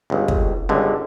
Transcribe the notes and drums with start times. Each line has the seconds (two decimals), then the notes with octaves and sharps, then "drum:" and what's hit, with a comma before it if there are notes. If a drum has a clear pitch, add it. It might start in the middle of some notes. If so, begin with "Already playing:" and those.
0.10 G1 C#2
0.28 drum: kick
0.69 G1 C#2 D3